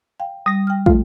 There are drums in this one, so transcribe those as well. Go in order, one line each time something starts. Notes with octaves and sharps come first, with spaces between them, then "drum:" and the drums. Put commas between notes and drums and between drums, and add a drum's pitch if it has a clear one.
F5 G5
G3 D#6 A#6
G5 F6
A3 F4, drum: kick